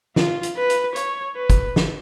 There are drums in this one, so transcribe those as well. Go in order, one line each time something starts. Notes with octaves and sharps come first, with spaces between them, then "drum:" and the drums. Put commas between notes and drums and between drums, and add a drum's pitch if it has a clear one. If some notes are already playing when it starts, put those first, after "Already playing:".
F4, drum: snare
drum: hi-hat
B4
drum: hi-hat
C#5, drum: hi-hat
B4
drum: kick, hi-hat
drum: snare